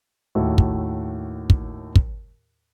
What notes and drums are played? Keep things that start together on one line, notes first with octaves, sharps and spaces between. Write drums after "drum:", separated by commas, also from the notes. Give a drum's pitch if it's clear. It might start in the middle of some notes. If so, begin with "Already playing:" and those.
D#2 A2 A3 F#4
drum: kick
drum: kick
drum: kick